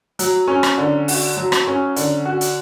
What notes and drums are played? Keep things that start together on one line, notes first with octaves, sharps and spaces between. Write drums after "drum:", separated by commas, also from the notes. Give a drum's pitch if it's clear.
F#3, drum: hi-hat
C#4
drum: rim click
D3
F#4, drum: open hi-hat
F#3
drum: rim click
C#4
D3, drum: hi-hat
F#4
drum: hi-hat